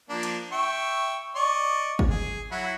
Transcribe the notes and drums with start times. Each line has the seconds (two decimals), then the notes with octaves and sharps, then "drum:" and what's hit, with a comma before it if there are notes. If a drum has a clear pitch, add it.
0.09 F3 A#3 D4
0.23 drum: cymbal
0.52 E5 G5 C#6
1.35 D5 D#5 C#6
1.99 drum: kick
2.10 G#4
2.51 F#3 E4 F#4